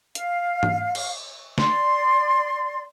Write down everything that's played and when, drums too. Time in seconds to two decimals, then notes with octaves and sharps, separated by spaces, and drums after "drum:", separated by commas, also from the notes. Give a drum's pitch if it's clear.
0.15 F5, drum: hi-hat
0.63 drum: tom
0.95 drum: cymbal
1.58 D5 C6, drum: snare